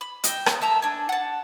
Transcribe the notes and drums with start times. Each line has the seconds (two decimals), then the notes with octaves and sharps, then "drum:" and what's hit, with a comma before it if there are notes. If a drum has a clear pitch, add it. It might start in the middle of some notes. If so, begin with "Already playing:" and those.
0.01 B5
0.24 D#5 G5 E6, drum: hi-hat
0.46 drum: rim click
0.61 E5 A5 A#5
0.82 D4 G#5
1.09 F#5 A5